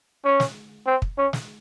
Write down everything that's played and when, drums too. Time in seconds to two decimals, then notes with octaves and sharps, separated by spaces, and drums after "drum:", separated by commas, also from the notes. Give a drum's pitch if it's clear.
0.25 C#4
0.40 drum: snare
0.86 C4
1.02 drum: kick
1.18 C#4
1.33 drum: snare